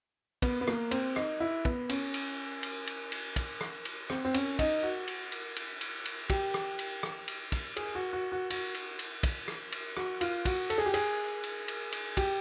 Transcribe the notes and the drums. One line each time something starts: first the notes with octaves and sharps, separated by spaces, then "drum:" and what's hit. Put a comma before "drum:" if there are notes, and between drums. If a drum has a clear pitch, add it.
B3, drum: kick, cymbal
B3
A#3, drum: rim click
C4, drum: cymbal
D#4, drum: rim click
E4
B3, drum: kick
C#4, drum: cymbal
drum: cymbal
drum: cymbal
drum: cymbal
drum: cymbal
drum: kick, cymbal
drum: rim click
drum: cymbal
C4, drum: rim click
C4
C#4, drum: cymbal
D#4, drum: kick, cymbal
F#4
drum: cymbal
drum: cymbal
drum: cymbal
drum: cymbal
drum: cymbal
G4, drum: kick, cymbal
drum: rim click
drum: cymbal
drum: rim click
drum: cymbal
drum: kick, cymbal
G#4, drum: cymbal
F#4
F#4
F#4
F#4, drum: cymbal
drum: cymbal
drum: cymbal
drum: kick, cymbal
drum: rim click
drum: cymbal
F#4, drum: rim click
F4, drum: cymbal
F#4, drum: kick, cymbal
A4, drum: cymbal
G#4
G4
G#4, drum: cymbal
drum: cymbal
drum: cymbal
drum: cymbal
G4, drum: kick, cymbal